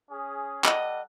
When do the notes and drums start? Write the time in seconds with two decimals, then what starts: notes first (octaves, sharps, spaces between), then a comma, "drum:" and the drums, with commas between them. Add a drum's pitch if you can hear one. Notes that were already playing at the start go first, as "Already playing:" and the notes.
0.11 C#4 G#4
0.64 G3 A4 D#5 F#5, drum: clap